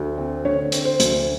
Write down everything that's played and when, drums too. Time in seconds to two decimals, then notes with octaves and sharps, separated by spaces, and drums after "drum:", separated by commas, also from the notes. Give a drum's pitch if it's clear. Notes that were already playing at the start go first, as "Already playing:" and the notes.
Already playing: D2
0.18 C4
0.45 D3 C#5
0.72 C4, drum: hi-hat
0.85 C5
1.00 D2, drum: hi-hat